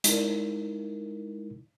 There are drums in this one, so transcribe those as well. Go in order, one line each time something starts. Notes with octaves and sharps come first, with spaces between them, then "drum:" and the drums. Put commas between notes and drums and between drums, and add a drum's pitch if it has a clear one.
G#3 D#4 E4 A#4, drum: hi-hat